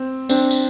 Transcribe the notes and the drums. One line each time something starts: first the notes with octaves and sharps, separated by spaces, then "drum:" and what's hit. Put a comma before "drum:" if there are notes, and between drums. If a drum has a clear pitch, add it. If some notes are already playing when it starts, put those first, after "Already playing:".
Already playing: C4
C4 D4, drum: tambourine
drum: tambourine